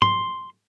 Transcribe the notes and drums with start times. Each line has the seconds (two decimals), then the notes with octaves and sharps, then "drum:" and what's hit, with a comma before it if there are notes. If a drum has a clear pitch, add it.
0.02 C6, drum: tom